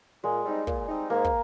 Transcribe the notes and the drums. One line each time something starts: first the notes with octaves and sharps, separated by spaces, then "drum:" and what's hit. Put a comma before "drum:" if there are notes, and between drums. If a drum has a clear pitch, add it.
A#2 G#3
G3 C4 D#4
A#2, drum: kick
G3 C4 D#4
G#2 A#3
drum: kick